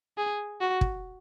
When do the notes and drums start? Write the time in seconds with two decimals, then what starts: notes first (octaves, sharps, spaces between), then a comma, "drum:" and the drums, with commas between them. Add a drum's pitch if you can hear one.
0.18 G#4
0.61 F#4
0.81 drum: kick